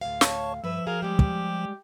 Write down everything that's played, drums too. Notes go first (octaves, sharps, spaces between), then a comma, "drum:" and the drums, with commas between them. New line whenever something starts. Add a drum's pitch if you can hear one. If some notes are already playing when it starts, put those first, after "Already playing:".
D2 A2 F5
C#5 A5 C#6, drum: snare
G2 F3 B4 E5
F#4 G#4 A#4 F5
G3 G#3 G4
drum: kick